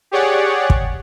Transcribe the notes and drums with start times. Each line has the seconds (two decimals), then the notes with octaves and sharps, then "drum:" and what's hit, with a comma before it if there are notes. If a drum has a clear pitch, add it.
0.11 G4 G#4 C#5 D5 F#5
0.70 drum: kick